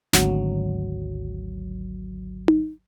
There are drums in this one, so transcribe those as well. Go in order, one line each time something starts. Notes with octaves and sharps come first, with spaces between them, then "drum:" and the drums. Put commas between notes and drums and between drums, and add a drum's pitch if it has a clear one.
G#1 D2 F#3, drum: snare
drum: tom D#4